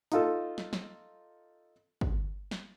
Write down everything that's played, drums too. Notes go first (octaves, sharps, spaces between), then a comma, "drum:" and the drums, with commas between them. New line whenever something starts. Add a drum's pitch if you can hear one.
D#4 F4 A4, drum: hi-hat
drum: snare
drum: snare
drum: kick
drum: snare